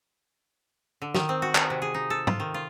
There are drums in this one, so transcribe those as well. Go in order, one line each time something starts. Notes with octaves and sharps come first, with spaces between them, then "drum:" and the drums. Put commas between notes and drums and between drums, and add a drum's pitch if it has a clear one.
D3
D#3, drum: snare
C4
F#4
F#5, drum: clap
C3
G#4
D#4
A4
F4, drum: tom
D#3
F4